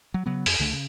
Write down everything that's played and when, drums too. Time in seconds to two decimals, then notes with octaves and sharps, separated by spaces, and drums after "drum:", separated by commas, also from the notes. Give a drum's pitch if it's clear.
0.14 F#3
0.26 C#3 F#3 B3
0.46 F2, drum: open hi-hat
0.59 C#2 D3 A3
0.73 C#3